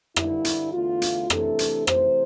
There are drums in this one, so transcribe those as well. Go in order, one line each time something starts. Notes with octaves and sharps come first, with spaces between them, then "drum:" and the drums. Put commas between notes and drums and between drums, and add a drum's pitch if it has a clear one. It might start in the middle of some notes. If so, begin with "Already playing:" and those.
G2 D3 G3 E4, drum: rim click
drum: hi-hat
E2 D3 A3 F4
drum: hi-hat
C3 E3 A3 D4 A4, drum: rim click
drum: hi-hat
C3 E3 A3 C5, drum: rim click